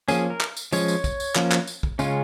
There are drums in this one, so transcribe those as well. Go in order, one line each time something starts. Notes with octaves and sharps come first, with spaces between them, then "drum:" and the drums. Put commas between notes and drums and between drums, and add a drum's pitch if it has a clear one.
F3 A#3 C#4 G#4, drum: tambourine
A#4
drum: clap
drum: tambourine
F3 G#3 C#4 C#5, drum: tambourine
drum: tambourine
drum: kick, tambourine
drum: tambourine
F3 A#3 C#4, drum: clap
drum: clap
drum: tambourine
drum: kick
C#3 G#3 C#4 F4, drum: tambourine